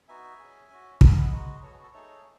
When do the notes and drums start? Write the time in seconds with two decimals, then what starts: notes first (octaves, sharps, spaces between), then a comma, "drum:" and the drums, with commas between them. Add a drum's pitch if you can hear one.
0.08 B3 D#4 F#4 E5 G#5
0.39 C#4 G#4
0.70 C#4 F#4
1.01 B3 E4 G#4 F#5 A5, drum: kick
1.16 D#5 F#5
1.32 G#3 D#4 F#4 B4 D#5
1.63 B3 F#4 A4 C#5
1.73 G#4 B4
1.83 A4
1.93 A3 D#4 G#4 A4 C#5